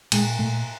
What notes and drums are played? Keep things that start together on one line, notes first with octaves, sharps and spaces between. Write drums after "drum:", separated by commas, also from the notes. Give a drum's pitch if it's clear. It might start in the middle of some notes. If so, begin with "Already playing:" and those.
A#2 G#3, drum: cymbal
A#2 A3